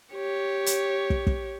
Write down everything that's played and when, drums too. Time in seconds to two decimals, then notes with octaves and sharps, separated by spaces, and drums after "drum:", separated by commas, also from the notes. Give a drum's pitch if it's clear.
0.14 G4 C#5
0.66 drum: hi-hat
1.10 drum: kick
1.27 drum: kick